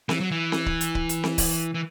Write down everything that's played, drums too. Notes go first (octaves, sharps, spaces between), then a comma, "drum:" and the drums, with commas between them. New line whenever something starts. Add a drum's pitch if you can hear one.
E3, drum: snare C4
F#3
E3
drum: snare C4
drum: kick C#1
drum: hi-hat
drum: kick C#1
drum: hi-hat
drum: snare C4
drum: kick C#1, open hi-hat
E3